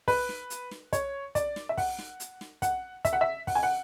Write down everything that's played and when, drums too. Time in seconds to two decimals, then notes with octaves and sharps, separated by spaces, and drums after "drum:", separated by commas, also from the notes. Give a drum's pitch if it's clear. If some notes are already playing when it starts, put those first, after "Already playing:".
0.08 B4, drum: kick, open hi-hat
0.29 drum: snare
0.50 drum: hi-hat
0.71 drum: snare
0.93 C#5, drum: kick, hi-hat
1.35 D5, drum: kick, hi-hat
1.56 drum: snare
1.69 E5
1.78 F#5, drum: kick, open hi-hat
1.99 drum: snare
2.20 drum: hi-hat
2.41 drum: snare
2.62 F#5, drum: kick, hi-hat
3.05 E5, drum: kick, hi-hat
3.13 F#5
3.21 E5
3.47 F#5, drum: kick, open hi-hat
3.55 G#5
3.63 F#5